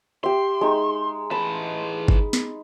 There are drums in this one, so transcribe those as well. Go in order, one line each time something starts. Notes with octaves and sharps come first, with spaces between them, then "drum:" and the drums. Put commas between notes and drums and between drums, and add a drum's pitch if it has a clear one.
G4 E5 C6
G#3 D#4
E3 A5 B5
drum: kick G1
drum: snare